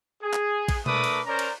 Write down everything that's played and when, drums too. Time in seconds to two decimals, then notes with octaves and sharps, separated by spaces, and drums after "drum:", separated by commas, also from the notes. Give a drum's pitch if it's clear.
0.23 G#4
0.33 drum: clap
0.68 drum: kick A1, cymbal
0.86 A3 D4 A#4 B4 D6 D#6, drum: tom B2
1.04 drum: cymbal
1.26 C#4 A#4 C5 D5 A#5
1.39 drum: cymbal